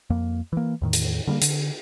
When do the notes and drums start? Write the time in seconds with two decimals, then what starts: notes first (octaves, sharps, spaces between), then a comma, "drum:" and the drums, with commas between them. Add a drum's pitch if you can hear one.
0.10 F2 A#3
0.53 E3 A#3
0.82 E2 A2 D#3
0.93 drum: hi-hat
1.27 D3 G3 A3 A#3
1.42 D3, drum: hi-hat